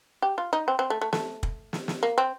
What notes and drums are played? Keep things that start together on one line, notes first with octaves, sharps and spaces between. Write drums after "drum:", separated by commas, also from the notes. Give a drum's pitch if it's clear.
G4
F4
D#4
C4
C4
A3
A3
A3, drum: snare
drum: kick
drum: snare
drum: snare
A#3
C4